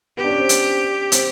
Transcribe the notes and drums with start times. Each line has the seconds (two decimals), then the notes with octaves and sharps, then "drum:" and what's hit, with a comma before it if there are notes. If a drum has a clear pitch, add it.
0.18 B3 G4
0.24 D4
0.29 C#4
0.38 C4
0.49 drum: hi-hat
1.12 C4, drum: hi-hat